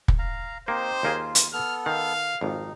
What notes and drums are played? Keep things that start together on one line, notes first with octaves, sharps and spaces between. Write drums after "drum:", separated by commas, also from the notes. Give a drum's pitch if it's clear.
drum: kick
F5 A#5
A#3 C4 D#4 G4 C5
D#2 A#3 F4 G#4
drum: hi-hat
B3 A4 F6
D#3 F5
G#1 F2 D#4